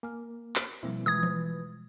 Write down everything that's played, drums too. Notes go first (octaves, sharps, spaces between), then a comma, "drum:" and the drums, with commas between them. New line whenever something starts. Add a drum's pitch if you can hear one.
A#3 G#5 F6
drum: clap
B2 F3 G3 A#3 C4 E4
E3 F3 G#3 B4 D#6 G#6
drum: tom E3